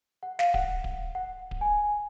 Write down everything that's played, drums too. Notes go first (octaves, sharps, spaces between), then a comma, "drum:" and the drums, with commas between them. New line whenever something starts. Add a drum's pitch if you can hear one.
F#5
F5, drum: snare
F#5, drum: kick D1
drum: kick D1
F#5
drum: kick D1
G#5